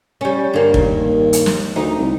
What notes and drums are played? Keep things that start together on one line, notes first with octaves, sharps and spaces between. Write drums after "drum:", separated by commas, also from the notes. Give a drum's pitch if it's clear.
G3 C#4
G2 D3 A#3
D#2, drum: kick
drum: hi-hat
drum: snare
D2 D#4
C2